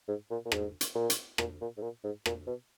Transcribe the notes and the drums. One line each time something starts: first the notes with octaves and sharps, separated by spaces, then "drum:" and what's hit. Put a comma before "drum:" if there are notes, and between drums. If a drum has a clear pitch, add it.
G#2
A#2
A#2
G#2, drum: rim click
drum: hi-hat
A#2
drum: hi-hat
A#2, drum: rim click
A#2
G#2
A#2
G#2
A#2, drum: rim click
B2